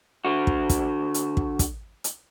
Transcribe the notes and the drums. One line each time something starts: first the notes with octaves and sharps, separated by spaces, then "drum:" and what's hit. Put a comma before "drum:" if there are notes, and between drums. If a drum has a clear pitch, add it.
D3 F#4
drum: kick
drum: kick, hi-hat
drum: hi-hat
drum: kick
drum: kick, hi-hat
drum: hi-hat